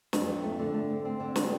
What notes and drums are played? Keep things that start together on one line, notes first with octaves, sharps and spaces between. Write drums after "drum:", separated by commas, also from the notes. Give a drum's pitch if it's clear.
F2, drum: snare
F2
A3
D3
A3
C4
C4
D3
drum: snare